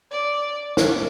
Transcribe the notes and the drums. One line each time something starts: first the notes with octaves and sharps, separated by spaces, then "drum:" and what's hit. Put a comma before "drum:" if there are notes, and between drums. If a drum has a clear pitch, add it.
D5
drum: snare